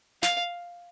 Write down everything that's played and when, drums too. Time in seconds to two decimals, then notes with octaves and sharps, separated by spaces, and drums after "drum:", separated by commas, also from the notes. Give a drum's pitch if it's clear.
0.23 F5, drum: snare